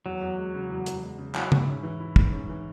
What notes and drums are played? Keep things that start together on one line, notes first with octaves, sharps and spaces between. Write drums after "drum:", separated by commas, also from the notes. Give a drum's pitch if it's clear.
E2 F#3
E2
G#3
C#3
E2
E2, drum: hi-hat
G#3
C#3
F#3 E4, drum: clap
G#2, drum: tom
C#4
E3
E4
G#2, drum: kick
C#4
E3